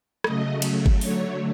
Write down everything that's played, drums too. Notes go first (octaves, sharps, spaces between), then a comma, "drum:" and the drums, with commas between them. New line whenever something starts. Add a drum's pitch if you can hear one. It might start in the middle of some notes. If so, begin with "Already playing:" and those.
C#3 F#3 A3 D#5, drum: rim click
drum: cymbal
drum: kick G1
D3 F#3 A3 C#5, drum: open hi-hat